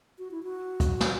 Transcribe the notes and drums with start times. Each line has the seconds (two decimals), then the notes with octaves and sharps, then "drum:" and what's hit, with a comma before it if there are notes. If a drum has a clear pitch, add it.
0.18 F#4
0.31 E4
0.43 F#4
0.80 drum: kick, hi-hat
1.01 drum: snare